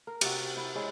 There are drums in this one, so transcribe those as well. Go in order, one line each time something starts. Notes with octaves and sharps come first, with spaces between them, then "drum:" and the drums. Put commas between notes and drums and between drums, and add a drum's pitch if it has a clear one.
A#4
C3 F#4, drum: cymbal
E4
G#3 E4 C#5